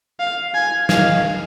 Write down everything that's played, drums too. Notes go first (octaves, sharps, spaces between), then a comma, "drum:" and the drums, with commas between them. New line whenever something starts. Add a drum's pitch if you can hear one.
F5
G#5
F5, drum: snare